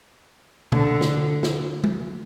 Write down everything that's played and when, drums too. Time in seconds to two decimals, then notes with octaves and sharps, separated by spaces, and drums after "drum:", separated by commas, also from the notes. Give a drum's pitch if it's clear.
0.72 D3, drum: tom
1.01 drum: snare
1.43 drum: snare
1.84 drum: tom G#3